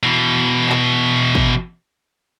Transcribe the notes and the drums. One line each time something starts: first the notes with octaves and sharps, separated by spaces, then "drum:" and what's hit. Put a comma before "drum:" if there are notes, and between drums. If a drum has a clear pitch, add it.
B2 E3
drum: clap
drum: kick